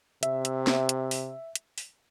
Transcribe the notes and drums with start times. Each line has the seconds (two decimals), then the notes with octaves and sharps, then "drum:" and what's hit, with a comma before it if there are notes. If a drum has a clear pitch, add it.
0.23 C3 E5, drum: hi-hat
0.45 drum: hi-hat
0.67 drum: snare
0.89 drum: hi-hat
1.11 drum: open hi-hat
1.55 drum: hi-hat
1.78 drum: open hi-hat